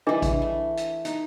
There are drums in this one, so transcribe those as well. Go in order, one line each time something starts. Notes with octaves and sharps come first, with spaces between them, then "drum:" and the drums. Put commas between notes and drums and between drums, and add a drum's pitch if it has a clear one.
E3 G3 D4 G#4 D#5
drum: kick A1, hi-hat
A3
drum: hi-hat
D#4, drum: hi-hat